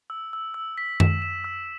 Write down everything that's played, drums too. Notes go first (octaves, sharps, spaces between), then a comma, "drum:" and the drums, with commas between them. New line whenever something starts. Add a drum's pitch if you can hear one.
E6
E6
E6
B6
E7, drum: tom F#2
E7
E6